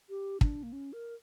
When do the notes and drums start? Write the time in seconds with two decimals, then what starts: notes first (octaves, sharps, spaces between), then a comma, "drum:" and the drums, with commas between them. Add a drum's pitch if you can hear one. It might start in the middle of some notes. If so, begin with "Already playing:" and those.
0.09 G4
0.41 D4, drum: kick
0.63 A#3
0.73 C#4
0.93 A#4